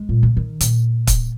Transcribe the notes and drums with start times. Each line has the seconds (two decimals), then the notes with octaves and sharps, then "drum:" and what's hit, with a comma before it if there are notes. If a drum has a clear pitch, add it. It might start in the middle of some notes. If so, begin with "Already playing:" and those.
Already playing: G#3
0.09 A#2
0.23 C#3
0.37 D#3
0.61 A#2, drum: hi-hat
1.07 drum: kick, hi-hat